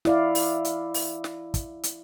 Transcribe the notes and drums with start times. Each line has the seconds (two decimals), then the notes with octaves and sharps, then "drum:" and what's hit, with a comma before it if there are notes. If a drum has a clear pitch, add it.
0.05 E4 D5 F5, drum: snare
0.35 drum: open hi-hat
0.65 drum: hi-hat
0.94 drum: open hi-hat
1.24 drum: snare
1.54 drum: kick, hi-hat
1.83 drum: hi-hat